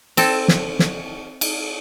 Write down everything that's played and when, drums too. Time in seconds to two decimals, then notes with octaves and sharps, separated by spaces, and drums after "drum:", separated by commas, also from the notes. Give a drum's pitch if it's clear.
0.17 C4 A4, drum: cymbal
0.48 drum: snare
0.79 drum: snare
1.41 drum: cymbal